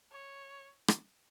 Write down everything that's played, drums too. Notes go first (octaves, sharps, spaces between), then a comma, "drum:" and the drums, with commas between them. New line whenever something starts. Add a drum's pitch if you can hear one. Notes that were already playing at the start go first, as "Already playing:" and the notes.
C#5
drum: rim click